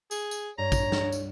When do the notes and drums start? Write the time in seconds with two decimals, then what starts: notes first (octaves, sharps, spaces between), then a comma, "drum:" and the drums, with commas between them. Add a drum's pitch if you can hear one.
0.11 G#4, drum: tambourine
0.31 drum: tambourine
0.58 G2 C#5 A#5
0.72 drum: kick, tambourine
0.92 drum: snare
1.12 drum: tambourine